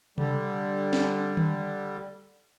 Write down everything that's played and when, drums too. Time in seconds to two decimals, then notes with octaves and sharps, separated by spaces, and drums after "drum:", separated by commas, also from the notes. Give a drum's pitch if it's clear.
0.18 D3 G3, drum: tom C3
0.93 drum: snare
1.37 drum: tom D3